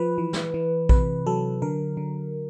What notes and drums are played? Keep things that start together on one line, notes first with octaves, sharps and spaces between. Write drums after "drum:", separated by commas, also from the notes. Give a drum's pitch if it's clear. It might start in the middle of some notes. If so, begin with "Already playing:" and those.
Already playing: F3 B4
E3
drum: snare
E3
C3 B4, drum: kick A#1
F#3 A4
D3 A#4
D3